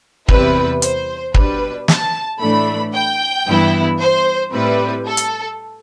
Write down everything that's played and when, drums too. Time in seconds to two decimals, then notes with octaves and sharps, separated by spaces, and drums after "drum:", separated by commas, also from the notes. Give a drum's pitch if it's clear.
0.28 E2 C3 G3 C4 E4 B4, drum: kick
0.82 C5, drum: hi-hat
1.34 B2 G3 D4 B4, drum: kick
1.88 A5, drum: snare
2.40 A2 E3 A3 D4 B5
2.94 G5
3.47 G2 E3 B3 E4
4.00 C5
4.52 A2 G3 C4 E4 B4
5.06 A4
5.17 drum: hi-hat